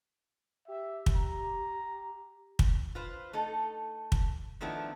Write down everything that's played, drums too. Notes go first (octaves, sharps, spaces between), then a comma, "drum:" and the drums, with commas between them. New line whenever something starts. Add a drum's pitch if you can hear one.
G4 E5
drum: kick
A#5
drum: kick
F4 B4 C5
A3 D#4 A4
drum: kick
D#3 F3 A3 B3 D4 E4